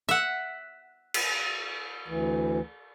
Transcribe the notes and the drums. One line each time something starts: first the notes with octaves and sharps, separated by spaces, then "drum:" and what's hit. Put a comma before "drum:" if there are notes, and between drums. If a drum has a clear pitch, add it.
E5 F#5
drum: cymbal
D2 E3